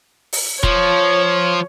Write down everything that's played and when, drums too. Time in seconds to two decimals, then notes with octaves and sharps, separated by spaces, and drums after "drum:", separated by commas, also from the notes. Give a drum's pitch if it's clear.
0.33 drum: open hi-hat
0.63 F3 C#5, drum: kick